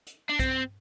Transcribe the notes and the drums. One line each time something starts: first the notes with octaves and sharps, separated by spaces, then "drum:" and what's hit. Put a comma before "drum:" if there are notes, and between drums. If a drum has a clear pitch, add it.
drum: hi-hat
D4
C4, drum: kick, hi-hat